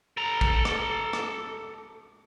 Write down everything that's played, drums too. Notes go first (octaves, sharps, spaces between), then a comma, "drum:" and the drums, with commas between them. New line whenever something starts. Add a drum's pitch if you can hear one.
A4 A#5
drum: kick A1
drum: rim click
drum: rim click